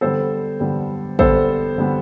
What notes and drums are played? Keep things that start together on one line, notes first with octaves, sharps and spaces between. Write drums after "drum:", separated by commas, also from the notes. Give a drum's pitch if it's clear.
D3 G3 B3 A4 C5
D3 G3 B3
D3 G3 B3 A4 C5, drum: kick
D3 G3 B3